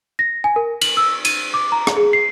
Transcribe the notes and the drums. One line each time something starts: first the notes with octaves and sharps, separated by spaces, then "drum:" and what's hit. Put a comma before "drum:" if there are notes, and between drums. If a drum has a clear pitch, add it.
A#6
G#5
A#4
F#7, drum: cymbal
E6
D#7, drum: cymbal
D6
A#5
drum: rim click
G#4
C7